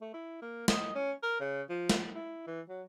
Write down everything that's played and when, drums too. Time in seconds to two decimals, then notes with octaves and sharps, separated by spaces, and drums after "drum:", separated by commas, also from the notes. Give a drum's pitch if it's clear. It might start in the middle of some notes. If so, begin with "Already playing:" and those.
0.01 A3
0.14 E4
0.42 A#3
0.68 D#5, drum: snare
0.95 C#4
1.23 A#4
1.40 C#3
1.70 F3
1.90 drum: snare
2.15 E4
2.47 E3
2.69 F#3